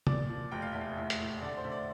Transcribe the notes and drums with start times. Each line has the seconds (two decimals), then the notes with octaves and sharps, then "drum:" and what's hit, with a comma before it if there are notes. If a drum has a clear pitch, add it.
0.07 A#2 D5, drum: tom
0.29 F3
0.51 F1 G5
0.62 F5
0.72 E2 E5
0.81 F5
0.97 A2 E5
1.10 drum: hi-hat
1.20 A2
1.42 D3 D5
1.57 C5
1.65 D3 E5
1.72 D5